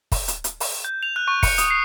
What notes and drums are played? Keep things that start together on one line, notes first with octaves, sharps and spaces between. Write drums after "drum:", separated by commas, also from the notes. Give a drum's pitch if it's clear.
drum: kick, open hi-hat
drum: hi-hat
drum: hi-hat
drum: open hi-hat
G6
F7
F#6
C#6
C#7, drum: kick, open hi-hat
D#6, drum: hi-hat
C7